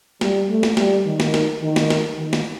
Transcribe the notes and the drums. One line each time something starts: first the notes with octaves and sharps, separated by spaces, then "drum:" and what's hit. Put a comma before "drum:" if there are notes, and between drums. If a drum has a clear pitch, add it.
G3, drum: snare
A3
drum: snare
G3, drum: snare
D#3
drum: snare
drum: snare
D#3
drum: snare
drum: snare
D#3
drum: snare